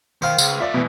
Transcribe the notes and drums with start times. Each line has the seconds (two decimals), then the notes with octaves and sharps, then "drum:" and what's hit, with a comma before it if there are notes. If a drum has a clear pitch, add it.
0.22 D#3 C5 F5
0.38 C#2, drum: tambourine
0.60 G#3 F4 D5 E5
0.74 B2 E3